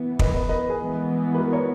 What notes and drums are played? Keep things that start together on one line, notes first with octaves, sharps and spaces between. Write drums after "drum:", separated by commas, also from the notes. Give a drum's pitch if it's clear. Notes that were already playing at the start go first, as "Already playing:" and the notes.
Already playing: E3 B3
B4 D#5, drum: kick
B4 D#5
B4 D#5
G#4 B4
E3 G#3 B3
B4
F#4 A#4
A#4 C#5